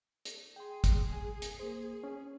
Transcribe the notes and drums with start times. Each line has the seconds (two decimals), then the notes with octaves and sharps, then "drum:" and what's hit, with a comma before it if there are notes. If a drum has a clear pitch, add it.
0.25 drum: hi-hat
0.56 G#4 G5 C6
0.84 drum: kick, hi-hat
1.13 G#5
1.42 drum: hi-hat
1.60 A#3 C5
2.04 C#4